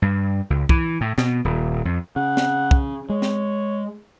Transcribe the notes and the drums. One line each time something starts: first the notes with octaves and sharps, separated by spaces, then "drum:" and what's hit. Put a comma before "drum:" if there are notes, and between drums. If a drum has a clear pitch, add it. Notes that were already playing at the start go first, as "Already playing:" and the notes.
G2
C#2
E3, drum: kick
A2
B2, drum: snare
D#1
F2
C#3 F#5
drum: snare
drum: kick
G#3 C#5
drum: snare